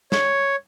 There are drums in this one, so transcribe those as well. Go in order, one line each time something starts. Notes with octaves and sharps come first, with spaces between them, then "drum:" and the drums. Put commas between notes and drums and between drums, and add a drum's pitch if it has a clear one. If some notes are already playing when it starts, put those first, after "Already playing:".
C#5, drum: snare